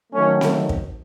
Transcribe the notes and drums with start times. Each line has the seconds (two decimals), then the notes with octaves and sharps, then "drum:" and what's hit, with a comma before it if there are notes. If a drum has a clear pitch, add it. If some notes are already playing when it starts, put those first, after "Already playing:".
0.12 D#3 F#3 A3 C#4
0.41 drum: snare C4
0.69 drum: kick